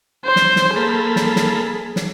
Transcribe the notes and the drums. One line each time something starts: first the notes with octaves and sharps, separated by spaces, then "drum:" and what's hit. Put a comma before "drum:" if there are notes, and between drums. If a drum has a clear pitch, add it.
C5
drum: snare
drum: snare
A#3 G#4 A4 B5
drum: snare
drum: snare
drum: snare